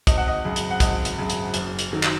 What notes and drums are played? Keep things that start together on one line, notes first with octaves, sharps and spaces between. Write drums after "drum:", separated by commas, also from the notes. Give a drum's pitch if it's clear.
G#1 D#5, drum: kick, hi-hat
F#5
D#5
F#2 C#3
drum: hi-hat
F#5
G#1 D#5, drum: kick, hi-hat
drum: hi-hat
F#2 C#3
drum: hi-hat
F#1, drum: hi-hat
drum: hi-hat
D#3 F#3
drum: clap